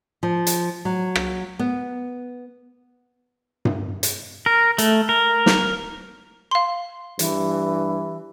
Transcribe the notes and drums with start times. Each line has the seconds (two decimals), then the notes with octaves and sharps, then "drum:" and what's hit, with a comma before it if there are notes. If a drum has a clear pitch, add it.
0.23 F3
0.47 drum: hi-hat
0.85 F#3
1.15 drum: rim click
1.59 B3
3.65 drum: tom G2
4.03 drum: hi-hat
4.46 A#4
4.78 A3, drum: hi-hat
5.09 A#4
5.46 drum: snare
6.51 F5 C6
7.19 G2 E3, drum: hi-hat